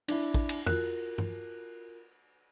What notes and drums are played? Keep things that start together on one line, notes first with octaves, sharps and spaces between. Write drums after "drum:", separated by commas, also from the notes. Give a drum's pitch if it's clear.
D4 E4, drum: cymbal
drum: kick
drum: cymbal
F4 F#4 A#4 F#6, drum: tom
drum: tom G2